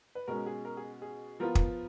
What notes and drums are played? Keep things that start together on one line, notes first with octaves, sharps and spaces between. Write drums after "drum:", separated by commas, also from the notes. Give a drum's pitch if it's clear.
B4
B2 G#3 C#4 A#4
G#4
A#4
G#4
G#4
F3 B3 F4 A#4
drum: kick